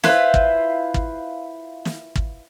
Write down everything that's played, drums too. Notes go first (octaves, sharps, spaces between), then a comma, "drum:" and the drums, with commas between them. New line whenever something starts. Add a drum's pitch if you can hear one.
E4 F4 B4 C5, drum: snare
drum: kick
drum: kick
drum: snare
drum: kick